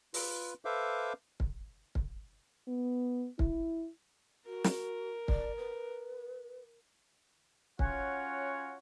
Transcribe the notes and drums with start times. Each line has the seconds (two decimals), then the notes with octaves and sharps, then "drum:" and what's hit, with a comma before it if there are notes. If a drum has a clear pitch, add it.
0.14 F4 B4, drum: open hi-hat
0.65 A4 B4 C5 E5 F5 D6
1.40 drum: kick
1.95 drum: kick
2.68 B3
3.39 E4, drum: kick
4.46 F#4 A#4
4.64 drum: snare
5.28 D5, drum: kick
5.57 B4
7.79 C#4 F4 F#4 C#5 F#5, drum: kick